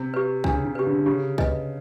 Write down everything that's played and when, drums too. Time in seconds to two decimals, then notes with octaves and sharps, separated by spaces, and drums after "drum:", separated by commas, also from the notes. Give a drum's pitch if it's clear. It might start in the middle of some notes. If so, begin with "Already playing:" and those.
Already playing: C3
0.14 G4 B4
0.44 C#3 D4, drum: kick C2
0.65 C#3
0.75 G4 B4
0.86 D3
1.06 C#3 G4
1.38 B4 D#5 G#5, drum: kick C2